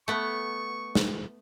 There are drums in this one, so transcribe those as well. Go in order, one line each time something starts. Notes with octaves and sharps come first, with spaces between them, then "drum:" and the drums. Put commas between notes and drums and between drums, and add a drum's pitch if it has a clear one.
A3 B3 C#6
drum: snare